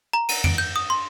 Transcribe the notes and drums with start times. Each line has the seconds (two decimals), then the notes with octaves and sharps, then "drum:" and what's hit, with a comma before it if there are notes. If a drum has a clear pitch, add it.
0.13 A#5
0.29 D#7, drum: cymbal
0.44 D7, drum: tom F2
0.58 G6
0.76 D#6
0.90 C6